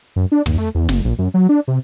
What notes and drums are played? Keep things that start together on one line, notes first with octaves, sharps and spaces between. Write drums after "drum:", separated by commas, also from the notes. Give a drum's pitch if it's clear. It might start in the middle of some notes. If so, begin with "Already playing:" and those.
F#2
D4
D#2, drum: tom
A3
E2
F#1, drum: snare
A#1
F#2
F#3
D4
C3